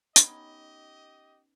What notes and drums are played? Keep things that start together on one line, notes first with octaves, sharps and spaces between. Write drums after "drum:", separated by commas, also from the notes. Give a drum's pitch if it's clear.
B3 C#4 D#4 G4 D#5, drum: hi-hat